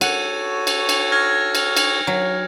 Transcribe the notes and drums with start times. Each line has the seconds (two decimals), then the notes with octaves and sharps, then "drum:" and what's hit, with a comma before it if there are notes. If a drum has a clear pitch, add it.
0.01 F#4 A4 C#5 F#5 D#7, drum: cymbal
0.67 drum: cymbal
0.89 drum: cymbal
1.12 F6 G#6 A#6
1.55 drum: cymbal
1.77 drum: cymbal
2.07 F#3